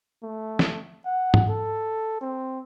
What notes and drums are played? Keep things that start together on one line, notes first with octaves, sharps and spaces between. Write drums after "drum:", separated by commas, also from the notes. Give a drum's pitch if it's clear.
A3
drum: snare
F#5
drum: tom G#2
A4
C4